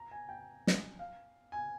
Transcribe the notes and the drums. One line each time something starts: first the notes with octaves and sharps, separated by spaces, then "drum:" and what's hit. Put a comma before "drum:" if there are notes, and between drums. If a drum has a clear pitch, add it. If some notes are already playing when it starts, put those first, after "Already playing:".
Already playing: A#5
G#5
G5
drum: snare
F5
G#5